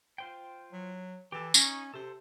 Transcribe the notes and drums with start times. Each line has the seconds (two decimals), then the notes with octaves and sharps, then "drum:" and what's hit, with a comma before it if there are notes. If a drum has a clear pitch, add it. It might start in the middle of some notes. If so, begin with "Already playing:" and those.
0.18 F4 C5 G5
0.73 F#3
1.32 E3 G4 A4
1.54 C#4 D#4 C#6, drum: tambourine
1.94 C3 A4 C5